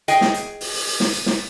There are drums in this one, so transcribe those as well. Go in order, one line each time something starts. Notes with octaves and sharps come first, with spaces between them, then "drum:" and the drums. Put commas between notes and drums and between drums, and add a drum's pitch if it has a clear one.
G#4 D#5 G5, drum: hi-hat
drum: snare
drum: hi-hat
drum: open hi-hat
drum: open hi-hat
drum: open hi-hat
drum: snare
drum: hi-hat
drum: snare